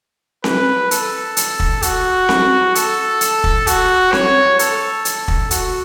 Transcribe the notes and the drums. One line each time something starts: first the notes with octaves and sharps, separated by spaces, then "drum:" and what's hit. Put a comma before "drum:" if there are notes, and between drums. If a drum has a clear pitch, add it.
B4, drum: snare C4
A4, drum: hi-hat
drum: hi-hat
drum: kick
F#4, drum: hi-hat
drum: snare C4
A4, drum: hi-hat
drum: hi-hat
drum: kick
F#4, drum: hi-hat
C#5, drum: snare C4
A4, drum: hi-hat
drum: hi-hat
drum: kick
F#4, drum: hi-hat